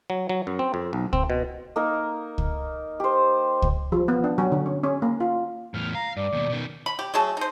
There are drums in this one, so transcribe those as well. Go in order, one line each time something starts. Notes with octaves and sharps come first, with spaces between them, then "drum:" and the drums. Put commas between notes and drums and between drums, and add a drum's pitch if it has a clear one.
F#3
F#3
F#2
C4
F2
B1
C4, drum: kick C#2
B2
A#3 D#4 A#4
drum: kick C#2
G4 C5
drum: kick C#2
F3
B3
D4
F#3
D3
C#4
C#4
A#3
F4
E2 A2 F6
F5 A#5
G2 D5
D#2 B2
B2 D#3
B5
G4
F#3 A3 G#4 A5
D#4 C5